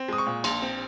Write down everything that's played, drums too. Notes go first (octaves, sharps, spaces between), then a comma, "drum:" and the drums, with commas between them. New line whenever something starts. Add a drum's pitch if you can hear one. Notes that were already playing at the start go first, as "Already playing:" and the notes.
Already playing: C4
G#3 D#6
C#6
A#2
A#1 C6, drum: cymbal
C4